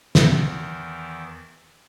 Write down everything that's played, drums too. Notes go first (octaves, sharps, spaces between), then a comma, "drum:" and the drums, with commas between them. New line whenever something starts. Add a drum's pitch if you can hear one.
E2 D#3 E3, drum: snare